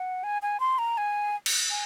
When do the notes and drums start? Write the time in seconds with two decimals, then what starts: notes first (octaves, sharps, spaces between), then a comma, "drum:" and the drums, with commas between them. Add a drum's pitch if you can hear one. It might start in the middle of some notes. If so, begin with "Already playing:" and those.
Already playing: F#5
0.24 G#5
0.42 G#5
0.60 C6
0.79 A#5
0.98 G#5
1.46 drum: cymbal
1.70 G#5